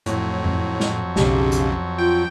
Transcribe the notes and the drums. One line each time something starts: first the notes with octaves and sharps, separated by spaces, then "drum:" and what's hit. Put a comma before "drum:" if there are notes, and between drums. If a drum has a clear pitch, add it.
F2 A2 F#3, drum: hi-hat
drum: tom F2
drum: snare
B1 C#3 G4, drum: snare
drum: hi-hat
F4 G5